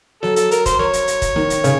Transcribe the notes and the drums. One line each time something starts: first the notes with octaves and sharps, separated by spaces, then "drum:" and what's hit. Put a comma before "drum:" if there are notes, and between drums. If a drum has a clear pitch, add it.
F#3 A4, drum: snare
A4, drum: hi-hat
A#4, drum: hi-hat
C5, drum: kick D#1, hi-hat
A#4 C#5, drum: snare
drum: hi-hat
drum: hi-hat
drum: kick D#1, hi-hat
D#3, drum: snare
drum: hi-hat
C#3, drum: hi-hat